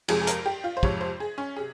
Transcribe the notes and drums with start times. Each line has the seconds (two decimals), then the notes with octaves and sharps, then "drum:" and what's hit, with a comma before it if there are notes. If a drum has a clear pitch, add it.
0.08 F2 C3 F3 G#3 G#4, drum: cymbal
0.21 G#4
0.27 A#4, drum: hi-hat
0.46 G4
0.64 F4
0.77 C5
0.83 F2 C3 F3 G#3 C#5, drum: kick
1.01 C5
1.20 G#4
1.38 C#4
1.57 C3 G#4